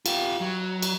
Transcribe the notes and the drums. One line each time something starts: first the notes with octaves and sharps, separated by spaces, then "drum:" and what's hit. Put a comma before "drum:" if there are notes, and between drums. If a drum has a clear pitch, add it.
F4 G4, drum: cymbal
F#3
drum: cymbal